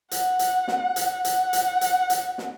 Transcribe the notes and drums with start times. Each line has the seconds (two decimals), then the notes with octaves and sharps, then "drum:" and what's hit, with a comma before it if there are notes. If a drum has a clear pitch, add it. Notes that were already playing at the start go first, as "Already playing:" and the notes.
0.11 F#5, drum: hi-hat
0.39 drum: hi-hat
0.68 drum: snare
0.96 drum: hi-hat
1.25 F#5, drum: hi-hat
1.53 drum: hi-hat
1.81 drum: hi-hat
2.10 drum: hi-hat
2.38 drum: snare